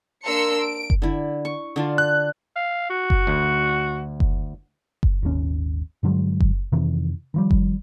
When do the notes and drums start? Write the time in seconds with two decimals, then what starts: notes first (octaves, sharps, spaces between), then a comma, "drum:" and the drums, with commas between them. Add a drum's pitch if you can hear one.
0.24 A#3 D4 A#4 C6 E6 C#7
0.61 D7
0.90 drum: kick F#1
1.02 D3 E4
1.45 C#6
1.76 D3 D4 F4
1.98 F#6
2.56 F5
2.90 F#4
3.10 drum: kick F#1
3.27 D2
4.20 drum: kick F#1
5.03 drum: kick F#1
5.23 D#1 G#1 D#2 C#4
6.03 G2 D3 F#3 G#3
6.40 drum: kick F#1
6.72 F2 C3 D#3 E3
7.34 D#3 F3 G3
7.51 drum: kick F#1